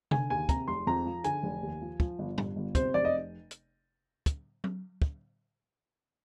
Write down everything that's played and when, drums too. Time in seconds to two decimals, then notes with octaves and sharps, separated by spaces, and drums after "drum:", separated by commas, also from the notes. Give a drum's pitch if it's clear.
0.11 D3 G#5, drum: tom C3
0.30 D#2 G#5
0.49 C3 A#5, drum: kick, hi-hat
0.68 F1 C6
0.87 F2 A#5
1.05 F3
1.24 D3 G#5, drum: hi-hat
1.43 F1
1.63 D#2
1.81 F3
2.00 F3, drum: kick
2.19 G1
2.38 G2, drum: tom A2
2.56 G1
2.75 C3 C5, drum: kick, hi-hat
2.94 F1 D5
3.05 D#5
3.51 drum: hi-hat
4.26 drum: kick, hi-hat
4.64 drum: tom F#3
5.02 drum: kick